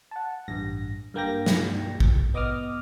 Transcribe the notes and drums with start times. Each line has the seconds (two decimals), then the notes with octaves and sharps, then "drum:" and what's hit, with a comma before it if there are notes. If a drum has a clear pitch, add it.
0.11 F#5 A5
0.48 A1 G2 A#6
1.14 G2 A#3 G5 A#6
1.46 drum: snare
2.00 drum: kick
2.34 B3 D#5 D6 D#6 F6